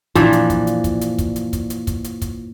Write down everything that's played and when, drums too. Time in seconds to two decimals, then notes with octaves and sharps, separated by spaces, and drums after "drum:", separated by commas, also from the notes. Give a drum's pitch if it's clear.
0.15 A#2 E3 F3 D4, drum: kick, hi-hat
0.33 drum: hi-hat
0.50 drum: kick, hi-hat
0.67 drum: hi-hat
0.84 drum: kick, hi-hat
1.01 drum: hi-hat
1.19 drum: kick, hi-hat
1.36 drum: hi-hat
1.53 drum: kick, hi-hat
1.70 drum: hi-hat
1.87 drum: kick, hi-hat
2.04 drum: hi-hat
2.22 drum: kick, hi-hat